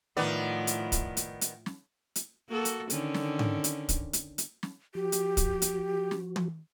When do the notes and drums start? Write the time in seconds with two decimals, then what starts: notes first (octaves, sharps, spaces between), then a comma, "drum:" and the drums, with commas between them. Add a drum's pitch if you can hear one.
0.17 A2 D#3 F3 B3 E4 D5
0.67 drum: hi-hat
0.92 drum: kick, hi-hat
1.17 drum: hi-hat
1.41 drum: hi-hat
1.66 drum: snare
2.16 drum: hi-hat
2.49 A#3 F#4 A4
2.65 drum: hi-hat
2.90 D3 D#3 C#4, drum: hi-hat
3.14 drum: snare
3.39 drum: tom G#2
3.64 drum: hi-hat
3.89 drum: kick, hi-hat
4.13 drum: hi-hat
4.38 drum: hi-hat
4.63 drum: snare
4.95 F3 F#4 G4
5.12 drum: hi-hat
5.37 drum: kick, hi-hat
5.62 drum: hi-hat
6.11 drum: snare
6.36 drum: tom